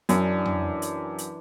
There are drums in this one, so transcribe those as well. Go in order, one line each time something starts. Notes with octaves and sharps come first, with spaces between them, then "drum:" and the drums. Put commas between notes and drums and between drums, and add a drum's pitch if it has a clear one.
F#2 E3 D4 B4, drum: hi-hat
drum: tom F2
drum: hi-hat
drum: hi-hat